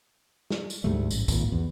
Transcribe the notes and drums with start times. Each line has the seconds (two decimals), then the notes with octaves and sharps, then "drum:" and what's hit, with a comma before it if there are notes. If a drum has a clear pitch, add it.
0.50 drum: snare
0.70 drum: tambourine
0.84 D2 G#2 G3 A3
1.11 A1, drum: tambourine
1.28 G#1 A#2, drum: kick, tambourine
1.52 E2